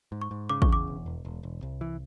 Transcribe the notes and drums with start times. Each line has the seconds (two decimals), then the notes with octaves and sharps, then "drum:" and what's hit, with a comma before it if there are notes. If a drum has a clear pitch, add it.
0.12 G#2
0.22 C#6
0.31 G#2
0.50 C#3 D6
0.62 C#6, drum: kick
0.69 E2 D6
0.87 E1
1.06 E1
1.25 E1
1.43 E1
1.62 C2
1.81 E3